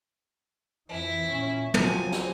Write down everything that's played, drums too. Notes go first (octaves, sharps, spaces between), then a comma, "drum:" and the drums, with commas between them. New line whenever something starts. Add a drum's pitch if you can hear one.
F2 E3 E4 E5
A#2 C#4
F3 F#3 C4 G#5, drum: tom
drum: snare